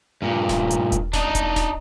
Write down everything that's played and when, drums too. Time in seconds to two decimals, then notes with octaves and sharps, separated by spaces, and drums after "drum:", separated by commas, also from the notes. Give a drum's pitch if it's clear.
0.22 G2 A#2
0.49 drum: snare D1
0.71 drum: hi-hat
0.92 drum: kick E1, hi-hat
1.13 D4 D#4, drum: snare D1
1.35 drum: kick E1, hi-hat
1.56 drum: snare D1